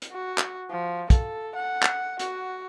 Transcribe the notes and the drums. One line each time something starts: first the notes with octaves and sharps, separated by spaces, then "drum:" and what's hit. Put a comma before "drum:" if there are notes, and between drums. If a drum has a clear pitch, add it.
drum: hi-hat
F#4
drum: clap
F3
A4, drum: kick, hi-hat
F#5
drum: clap
F#4, drum: hi-hat